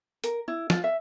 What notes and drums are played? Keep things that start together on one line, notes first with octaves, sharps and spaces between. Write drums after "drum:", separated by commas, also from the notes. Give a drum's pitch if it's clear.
A#4, drum: hi-hat
E4
F4, drum: snare
E5